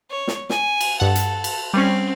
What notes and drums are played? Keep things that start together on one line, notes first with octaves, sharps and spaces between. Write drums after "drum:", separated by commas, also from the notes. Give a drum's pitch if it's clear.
C#5
drum: snare
G#5, drum: snare
drum: cymbal
G2 A4 F#5
drum: hi-hat
drum: cymbal
G3 C4 C#4